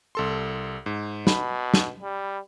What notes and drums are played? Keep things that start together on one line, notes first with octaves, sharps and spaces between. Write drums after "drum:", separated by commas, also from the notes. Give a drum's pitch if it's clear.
C2 A4 C6
G#2
B2 B5, drum: snare
drum: snare
G3